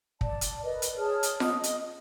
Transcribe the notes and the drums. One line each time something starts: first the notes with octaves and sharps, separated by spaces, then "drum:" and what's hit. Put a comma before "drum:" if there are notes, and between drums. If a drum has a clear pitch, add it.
D5 A5, drum: kick
drum: hi-hat
A#4 B4 D5 D#5
drum: hi-hat
G#4 C#5 A5 F6
drum: hi-hat
D#5 D#6, drum: snare F4
drum: hi-hat